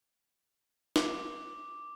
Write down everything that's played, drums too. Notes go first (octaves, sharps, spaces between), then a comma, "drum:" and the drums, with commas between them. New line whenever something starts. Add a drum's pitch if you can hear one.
D6, drum: snare